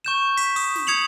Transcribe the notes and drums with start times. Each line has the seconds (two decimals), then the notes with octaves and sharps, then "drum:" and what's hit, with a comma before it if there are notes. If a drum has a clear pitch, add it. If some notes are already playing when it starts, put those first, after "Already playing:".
0.05 C#6 G6 E7
0.37 B6, drum: hi-hat
0.56 D#6, drum: open hi-hat
0.76 drum: snare
0.87 D#6 G#6 C#7 F7 F#7